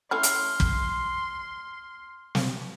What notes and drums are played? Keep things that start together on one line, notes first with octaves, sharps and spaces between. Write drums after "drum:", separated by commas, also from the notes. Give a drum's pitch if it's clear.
A3 C#4 E4 C6 F6
drum: hi-hat
drum: kick
drum: snare